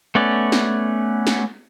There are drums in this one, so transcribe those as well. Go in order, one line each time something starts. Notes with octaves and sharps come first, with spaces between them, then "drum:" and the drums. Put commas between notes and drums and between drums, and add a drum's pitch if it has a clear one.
A3 B3 C#4 D5
drum: snare
drum: snare